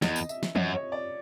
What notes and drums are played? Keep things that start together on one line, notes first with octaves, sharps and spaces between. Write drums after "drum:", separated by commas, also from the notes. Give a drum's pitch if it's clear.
E2 D#5, drum: snare
drum: tambourine
E5, drum: tambourine
drum: snare
F#2 D#5, drum: tom E3
C#5
D5